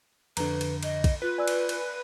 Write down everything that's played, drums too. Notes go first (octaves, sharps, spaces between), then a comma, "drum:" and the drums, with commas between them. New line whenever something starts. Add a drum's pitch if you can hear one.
F2 D3 B4 A#5, drum: cymbal
drum: cymbal
D#5, drum: cymbal
drum: kick, cymbal
F4 B4
D5 G#5 E6
drum: cymbal
drum: cymbal